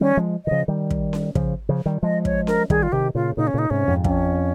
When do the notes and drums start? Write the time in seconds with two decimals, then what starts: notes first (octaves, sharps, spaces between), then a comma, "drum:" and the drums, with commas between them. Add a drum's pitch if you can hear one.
0.01 D#3 G3 C#4
0.17 F3 G#3
0.45 D#3 D#5
0.51 C#3 F3
0.68 D#3 G3
0.90 drum: kick
1.13 drum: snare C#4
1.35 C#3 F3, drum: kick
1.69 C#3 F3
1.86 D#3 G3
2.03 F3 G#3 D#5
2.25 C#5, drum: kick
2.47 A#4, drum: snare C#4
2.70 D#3 G3 G#4, drum: kick
2.83 F4
2.92 C3 D#3 G4
3.15 A#2 C#3 F4
3.37 A#2 C#3 D#4
3.47 C#4
3.54 A#2 C#3 D#4
3.70 G#2 C3 C#4
3.87 F2 G#2
4.04 F2 C#4, drum: kick